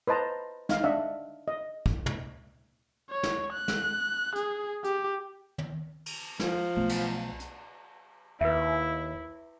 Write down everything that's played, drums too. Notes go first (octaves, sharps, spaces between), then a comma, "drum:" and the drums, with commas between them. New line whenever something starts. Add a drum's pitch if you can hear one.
B4 C5 D#5 A5 A#5
D#4 F5, drum: snare
D4 D#5 E5 F#5
D#5
drum: kick
drum: tom
C#5
drum: snare
F#6
drum: snare
G#4, drum: hi-hat
G4, drum: hi-hat
drum: tom
drum: cymbal
F3, drum: snare
B1 A3 B3
drum: cymbal
drum: hi-hat
D#2 E4 B4 E5